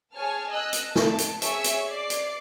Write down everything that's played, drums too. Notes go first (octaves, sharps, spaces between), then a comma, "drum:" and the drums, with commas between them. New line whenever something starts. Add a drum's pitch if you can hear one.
G#4 C#5 G#5 A5 F6
D#5 E6 F#6
drum: hi-hat
A5
drum: snare
drum: hi-hat
G#4 C#5 E5 C#6 E6, drum: hi-hat
drum: hi-hat
D5 D6 C7
drum: hi-hat